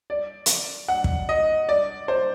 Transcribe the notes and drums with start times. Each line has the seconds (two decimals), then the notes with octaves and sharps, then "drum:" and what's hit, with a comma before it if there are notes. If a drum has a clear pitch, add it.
0.10 D5
0.46 drum: hi-hat
0.88 F#5
1.04 drum: kick
1.29 D#5
1.69 D5
2.08 C5